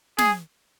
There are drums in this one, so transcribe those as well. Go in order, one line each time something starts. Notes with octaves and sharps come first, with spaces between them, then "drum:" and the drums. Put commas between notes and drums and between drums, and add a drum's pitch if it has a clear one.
G#4, drum: snare